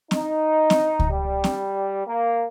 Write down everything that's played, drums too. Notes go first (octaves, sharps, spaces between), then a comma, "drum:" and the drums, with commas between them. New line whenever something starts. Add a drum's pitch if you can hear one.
D#4, drum: snare C4
drum: snare C4
drum: kick C#2
G3
drum: snare C4
A#3